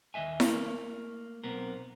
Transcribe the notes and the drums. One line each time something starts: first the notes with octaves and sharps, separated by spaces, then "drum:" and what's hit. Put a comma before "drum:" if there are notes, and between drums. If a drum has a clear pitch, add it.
D#2 G3 D#5 E5 G#5
A3 A#3, drum: snare E4
B1 B3 C4 A#4